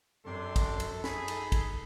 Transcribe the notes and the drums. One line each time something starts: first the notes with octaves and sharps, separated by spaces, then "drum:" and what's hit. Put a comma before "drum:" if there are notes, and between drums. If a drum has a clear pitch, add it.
F#2 C3 D4 A4 C6
drum: kick, cymbal
drum: cymbal
D#4 G#4 B5, drum: snare
drum: cymbal
drum: kick, cymbal